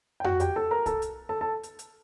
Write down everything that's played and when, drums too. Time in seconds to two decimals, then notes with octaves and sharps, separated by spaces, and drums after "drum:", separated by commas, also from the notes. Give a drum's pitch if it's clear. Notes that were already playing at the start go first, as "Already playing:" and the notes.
0.20 G5
0.24 F#4 F#5, drum: tom F2
0.40 G4 G5, drum: hi-hat
0.56 A4 A5
0.71 A#4 A#5
0.86 A4 A5, drum: kick C2, hi-hat
1.02 drum: hi-hat
1.29 A4 A5
1.41 A4 A5
1.63 drum: hi-hat
1.79 drum: hi-hat